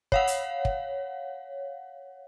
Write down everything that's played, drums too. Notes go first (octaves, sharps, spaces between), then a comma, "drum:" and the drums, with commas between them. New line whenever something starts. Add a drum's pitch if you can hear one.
C#5 F5 F#5, drum: kick
drum: hi-hat
drum: kick